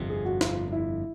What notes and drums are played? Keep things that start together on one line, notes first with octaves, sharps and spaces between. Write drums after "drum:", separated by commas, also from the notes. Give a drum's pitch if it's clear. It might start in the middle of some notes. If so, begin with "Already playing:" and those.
Already playing: G1 F2 C3
G#4
F#4
F4, drum: snare
E4